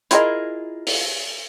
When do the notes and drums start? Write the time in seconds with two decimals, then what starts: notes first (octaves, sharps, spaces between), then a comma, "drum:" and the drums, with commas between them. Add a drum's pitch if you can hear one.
0.11 E4 F4 G#4 A#4 D#5, drum: hi-hat
0.87 drum: open hi-hat